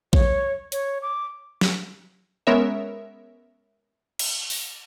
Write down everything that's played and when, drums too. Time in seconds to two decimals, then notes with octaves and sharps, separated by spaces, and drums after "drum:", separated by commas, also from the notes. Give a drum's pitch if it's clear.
0.13 C#5, drum: kick A#1
0.72 C#5, drum: hi-hat
1.02 D6
1.61 drum: snare
2.47 G#3 B3 C#4 A#4 C#5 E5
4.19 drum: cymbal
4.50 drum: open hi-hat